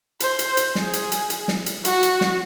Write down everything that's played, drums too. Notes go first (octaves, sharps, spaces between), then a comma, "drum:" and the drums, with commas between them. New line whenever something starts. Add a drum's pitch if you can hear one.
C5, drum: hi-hat
drum: hi-hat
drum: hi-hat
G#4, drum: snare
drum: hi-hat
drum: hi-hat
drum: hi-hat
drum: snare
drum: hi-hat
F#4, drum: hi-hat
drum: hi-hat
drum: snare